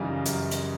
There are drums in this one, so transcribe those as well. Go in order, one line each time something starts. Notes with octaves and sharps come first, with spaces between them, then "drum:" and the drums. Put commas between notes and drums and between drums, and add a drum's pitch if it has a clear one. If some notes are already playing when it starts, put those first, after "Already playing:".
Already playing: F#2 C#3 E3 G3 D#4 F4
F#2, drum: hi-hat
drum: hi-hat